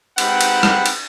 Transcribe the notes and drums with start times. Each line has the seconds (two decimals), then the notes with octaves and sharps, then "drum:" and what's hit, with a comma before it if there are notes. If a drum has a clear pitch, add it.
0.18 G#3 C4 D#4 G4 B4 F#5, drum: cymbal
0.41 drum: cymbal
0.63 drum: rim click
0.86 drum: cymbal